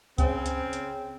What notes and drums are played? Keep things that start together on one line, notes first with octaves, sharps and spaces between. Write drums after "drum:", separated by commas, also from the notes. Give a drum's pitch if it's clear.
C#3 C4, drum: kick C#2, hi-hat
drum: hi-hat
drum: hi-hat